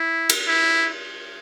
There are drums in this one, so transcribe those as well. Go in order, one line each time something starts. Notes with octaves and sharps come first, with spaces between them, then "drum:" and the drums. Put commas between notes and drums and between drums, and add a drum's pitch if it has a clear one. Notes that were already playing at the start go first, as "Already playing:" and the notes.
Already playing: E4
drum: cymbal
E4